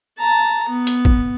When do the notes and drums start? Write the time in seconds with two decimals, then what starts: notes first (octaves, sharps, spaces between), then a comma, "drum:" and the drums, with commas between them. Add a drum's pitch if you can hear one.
0.20 A5 A#5
0.69 B3
0.87 drum: hi-hat
1.05 drum: kick A1